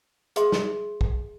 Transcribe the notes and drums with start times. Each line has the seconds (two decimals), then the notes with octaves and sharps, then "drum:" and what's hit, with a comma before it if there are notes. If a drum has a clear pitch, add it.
0.36 G#4 B4 E5 C6, drum: hi-hat
0.52 drum: snare
1.01 drum: kick